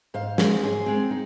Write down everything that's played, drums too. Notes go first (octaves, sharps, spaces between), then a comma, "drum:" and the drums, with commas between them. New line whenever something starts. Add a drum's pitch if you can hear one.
G#2 C5 F5
G#3 C4, drum: snare
G#2 G#4 C5
G#3 C4
D#4